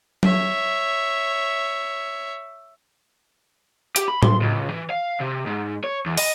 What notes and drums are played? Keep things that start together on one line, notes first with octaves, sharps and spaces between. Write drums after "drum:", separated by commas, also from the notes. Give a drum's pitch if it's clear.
C#5 E5, drum: tom F#3
G4, drum: hi-hat
B5
C6, drum: tom A2
C#2
E3
F5
C3
G#2
C#5
E2
D#5, drum: open hi-hat